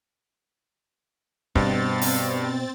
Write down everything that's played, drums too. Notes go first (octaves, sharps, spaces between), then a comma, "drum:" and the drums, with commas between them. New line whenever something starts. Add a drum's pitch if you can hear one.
G2 B2 C4 A6, drum: kick
drum: open hi-hat